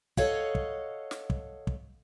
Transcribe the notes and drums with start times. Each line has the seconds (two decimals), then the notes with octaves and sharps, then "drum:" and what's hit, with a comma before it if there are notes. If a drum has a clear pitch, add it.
0.17 A4 C#5 D#5 F5 F#5, drum: kick
0.55 drum: kick
1.11 drum: snare
1.30 drum: kick
1.67 drum: kick